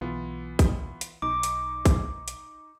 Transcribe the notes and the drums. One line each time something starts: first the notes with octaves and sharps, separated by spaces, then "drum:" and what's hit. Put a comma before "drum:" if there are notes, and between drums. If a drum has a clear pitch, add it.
B1 E3 B3 F4
drum: kick, hi-hat
drum: hi-hat
B1 D#4 D6
drum: hi-hat
drum: kick, hi-hat
drum: hi-hat